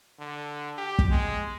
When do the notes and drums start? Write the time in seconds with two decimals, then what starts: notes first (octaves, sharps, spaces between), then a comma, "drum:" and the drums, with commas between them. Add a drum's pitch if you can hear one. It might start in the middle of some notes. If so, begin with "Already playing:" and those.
0.20 D3
0.78 G4
0.99 drum: kick
1.11 G#3